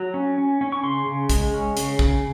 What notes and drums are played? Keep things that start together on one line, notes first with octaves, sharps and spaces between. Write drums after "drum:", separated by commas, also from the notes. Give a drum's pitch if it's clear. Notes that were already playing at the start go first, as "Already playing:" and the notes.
Already playing: F#3
C#4
C#4
C#4
C#6
C#3 C6
C#3
G#3, drum: kick, hi-hat
C#4
C#3, drum: hi-hat
C#3, drum: kick